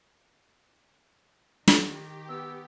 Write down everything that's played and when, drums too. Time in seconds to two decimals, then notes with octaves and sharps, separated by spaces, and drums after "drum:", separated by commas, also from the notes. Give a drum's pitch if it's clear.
1.68 D#3 G4, drum: snare
2.29 B3 E6